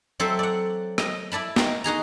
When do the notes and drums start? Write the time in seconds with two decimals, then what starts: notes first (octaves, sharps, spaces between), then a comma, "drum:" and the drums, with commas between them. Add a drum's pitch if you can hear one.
0.20 F#3 C4 A4 C5 E5
0.39 D5 F#5
0.98 D#5, drum: rim click
1.32 E4 D5 A5 B5
1.56 D#4 D#5, drum: snare
1.84 D#4 F#4 G#4 A#5